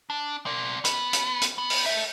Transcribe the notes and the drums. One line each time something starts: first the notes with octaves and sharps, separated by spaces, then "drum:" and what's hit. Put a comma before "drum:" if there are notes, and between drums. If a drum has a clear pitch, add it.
D4
C4 D5
B3, drum: hi-hat
drum: hi-hat
drum: hi-hat
B3
drum: open hi-hat
A4 E5